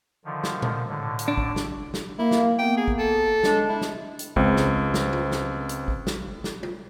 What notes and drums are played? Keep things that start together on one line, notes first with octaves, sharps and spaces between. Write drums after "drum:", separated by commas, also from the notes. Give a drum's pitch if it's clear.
D3 D#3 F3
drum: snare
drum: tom A#2
A2 D3
drum: hi-hat
D4
drum: kick
drum: snare
drum: snare
A#3 E4
drum: snare
A#3 B3 G5
G#4
drum: kick
A4
C#3 G#3 D4, drum: snare
E4
drum: snare
drum: hi-hat
C#2 C4, drum: kick
drum: snare
drum: snare
drum: tom
drum: snare
drum: hi-hat
drum: kick
drum: snare
drum: snare
drum: tom